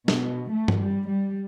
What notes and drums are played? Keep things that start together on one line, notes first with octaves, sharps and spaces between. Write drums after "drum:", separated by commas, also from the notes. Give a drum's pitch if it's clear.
B2, drum: snare
A3
drum: tom G2
G3
G3